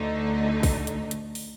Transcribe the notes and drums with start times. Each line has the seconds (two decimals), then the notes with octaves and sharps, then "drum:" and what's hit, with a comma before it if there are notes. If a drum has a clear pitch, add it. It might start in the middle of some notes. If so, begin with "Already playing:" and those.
Already playing: D2 D3 A3 D#4
0.63 drum: kick, open hi-hat
0.87 drum: hi-hat
1.11 drum: hi-hat
1.35 drum: open hi-hat